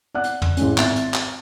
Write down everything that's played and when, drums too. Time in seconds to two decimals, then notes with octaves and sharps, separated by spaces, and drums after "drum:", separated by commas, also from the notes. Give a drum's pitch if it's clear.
0.15 D5 F#5 F#6
0.24 drum: hi-hat
0.42 drum: tom
0.57 A1 G#3 C#4, drum: hi-hat
0.78 G#1 E5 A6, drum: clap
0.96 drum: hi-hat
1.14 drum: clap